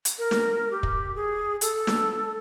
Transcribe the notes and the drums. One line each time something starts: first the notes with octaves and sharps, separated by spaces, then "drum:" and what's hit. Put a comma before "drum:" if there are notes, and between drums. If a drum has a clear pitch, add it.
drum: hi-hat
A#4
drum: snare
G4
drum: kick
G#4
A4, drum: hi-hat
drum: snare